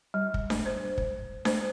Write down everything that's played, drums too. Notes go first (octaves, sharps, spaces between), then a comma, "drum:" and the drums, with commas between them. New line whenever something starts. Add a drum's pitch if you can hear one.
G3
drum: kick
drum: snare D4
C5
drum: kick
C5, drum: snare D4